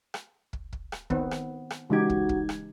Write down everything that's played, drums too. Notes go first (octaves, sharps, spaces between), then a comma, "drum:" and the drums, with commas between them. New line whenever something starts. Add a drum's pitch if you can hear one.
drum: rim click
drum: kick
drum: kick
drum: rim click
D#3 B3 C4, drum: kick
drum: rim click
drum: rim click
C#3 E3 G#3 D#4 F#4 G4 G#6
drum: kick
drum: kick
drum: rim click